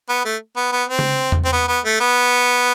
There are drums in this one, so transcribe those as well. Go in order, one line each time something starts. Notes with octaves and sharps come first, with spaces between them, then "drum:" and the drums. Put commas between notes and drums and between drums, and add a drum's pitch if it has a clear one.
B3
A3
B3
B3
C4
drum: tom C#3
drum: tom E2
C4
B3
B3
A3
B3